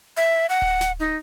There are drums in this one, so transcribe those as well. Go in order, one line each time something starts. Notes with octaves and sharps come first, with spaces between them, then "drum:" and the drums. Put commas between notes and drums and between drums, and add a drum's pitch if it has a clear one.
E5
F#5
drum: kick D1
drum: snare
D#4